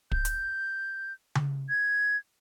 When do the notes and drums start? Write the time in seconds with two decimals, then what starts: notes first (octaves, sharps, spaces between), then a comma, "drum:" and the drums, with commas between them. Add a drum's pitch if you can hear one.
0.11 G6, drum: kick
0.25 drum: hi-hat
1.35 drum: tom C#3
1.69 G#6